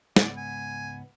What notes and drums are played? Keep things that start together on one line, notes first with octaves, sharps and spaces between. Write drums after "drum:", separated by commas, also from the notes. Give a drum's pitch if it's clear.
C#2 G#2 B3 D5, drum: snare
G#5